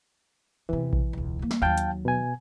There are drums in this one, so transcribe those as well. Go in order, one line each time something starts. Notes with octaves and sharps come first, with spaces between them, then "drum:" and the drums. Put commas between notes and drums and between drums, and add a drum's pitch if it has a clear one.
E2 C3 E3
drum: kick A#1
E1 C#2
F3 A#3
drum: snare
D#2 F#3 F5 G5 A5
drum: hi-hat
B2 G#5